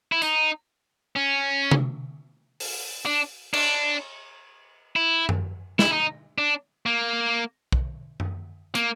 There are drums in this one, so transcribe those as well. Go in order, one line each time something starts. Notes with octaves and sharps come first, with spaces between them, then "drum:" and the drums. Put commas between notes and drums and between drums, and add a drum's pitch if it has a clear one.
E4
D#4, drum: tambourine
C#4
drum: tom C3
drum: open hi-hat
D4
D4, drum: cymbal
E4
drum: tom F#2
E4, drum: snare
D#4
D4
A#3
drum: kick
drum: tom F#2
A#3, drum: hi-hat